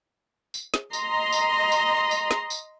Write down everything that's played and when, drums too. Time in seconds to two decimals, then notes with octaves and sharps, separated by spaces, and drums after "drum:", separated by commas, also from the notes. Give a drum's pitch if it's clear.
0.54 drum: tambourine
0.74 drum: snare
0.93 D#5 A#5 C6, drum: tambourine
1.33 drum: tambourine
1.72 drum: tambourine
2.11 drum: tambourine
2.31 drum: snare
2.50 drum: tambourine